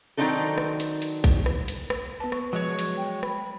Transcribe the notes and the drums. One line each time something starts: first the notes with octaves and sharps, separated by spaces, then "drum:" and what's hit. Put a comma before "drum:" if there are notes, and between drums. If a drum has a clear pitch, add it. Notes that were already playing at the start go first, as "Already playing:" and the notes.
D#3 F#3 C4 D4 D#4 A4
drum: rim click
drum: hi-hat
drum: hi-hat
drum: kick A#1, hi-hat
drum: rim click
drum: hi-hat
drum: rim click
B3 B4 A5
C#6, drum: rim click
F3 F#3 G#3 C#5
drum: hi-hat
G5
B5, drum: rim click